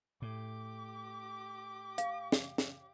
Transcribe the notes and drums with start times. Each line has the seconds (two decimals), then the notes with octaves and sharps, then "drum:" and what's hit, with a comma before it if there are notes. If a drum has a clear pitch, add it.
0.22 A2 G4 D6
1.98 F5, drum: hi-hat
2.32 drum: snare
2.58 drum: snare